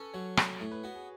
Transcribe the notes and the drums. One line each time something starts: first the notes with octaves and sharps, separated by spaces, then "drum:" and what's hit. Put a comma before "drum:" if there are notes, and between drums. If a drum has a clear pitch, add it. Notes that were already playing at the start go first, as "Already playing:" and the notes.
Already playing: C#4 A4 B4
F#3 C#5
G#4, drum: rim click
A2 C#5
B4
B3 F#4
G#4